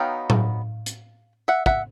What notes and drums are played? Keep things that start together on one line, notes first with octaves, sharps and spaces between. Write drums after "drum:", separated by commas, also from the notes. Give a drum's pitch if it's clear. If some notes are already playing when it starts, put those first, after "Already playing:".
Already playing: F#3 B3 D#4 F5 G5
drum: tom A2
drum: hi-hat
E5 F#5
E5 F#5, drum: kick